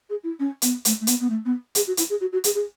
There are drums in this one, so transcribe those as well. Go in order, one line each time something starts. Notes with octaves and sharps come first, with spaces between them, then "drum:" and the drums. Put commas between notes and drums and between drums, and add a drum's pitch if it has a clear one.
G#4
E4
C#4
B3, drum: hi-hat
A3, drum: hi-hat
A3
B3, drum: hi-hat
B3
A3
B3
G#4, drum: hi-hat
F#4
E4, drum: hi-hat
G#4
F#4
F#4
G#4, drum: hi-hat
G#4